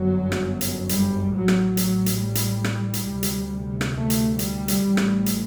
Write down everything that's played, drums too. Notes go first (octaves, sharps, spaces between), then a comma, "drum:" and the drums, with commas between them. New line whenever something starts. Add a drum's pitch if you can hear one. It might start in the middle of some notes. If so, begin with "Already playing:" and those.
Already playing: G1 F#2 F#3
drum: rim click
drum: hi-hat
G3, drum: hi-hat
A1 A2 F#3
drum: rim click
F#3, drum: hi-hat
drum: hi-hat
G3
drum: hi-hat
drum: rim click
drum: hi-hat
D2 C3
drum: hi-hat
drum: rim click
A3
drum: hi-hat
G3, drum: hi-hat
drum: hi-hat
A1 A2
drum: rim click
drum: hi-hat